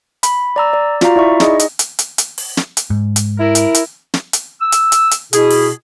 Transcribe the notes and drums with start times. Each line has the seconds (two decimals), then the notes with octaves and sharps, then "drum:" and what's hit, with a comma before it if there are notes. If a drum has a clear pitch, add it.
0.23 B5, drum: hi-hat
0.56 D5 A#5 E6
0.74 D5
1.01 F4 F#4 D5 F5 A#5, drum: snare
1.16 E4 D5 E5 C#6
1.40 D#4 G#4 D#5, drum: snare
1.59 drum: hi-hat
1.79 drum: hi-hat
1.99 drum: hi-hat
2.18 drum: hi-hat
2.38 drum: open hi-hat
2.57 drum: snare
2.77 drum: hi-hat
2.90 G#2
3.16 drum: hi-hat
3.39 E4 A#4
3.55 drum: hi-hat
3.75 drum: hi-hat
4.14 drum: snare
4.33 drum: hi-hat
4.61 E6
4.72 drum: hi-hat
4.92 drum: hi-hat
5.11 drum: hi-hat
5.33 B2 E4 G#4, drum: hi-hat
5.50 drum: open hi-hat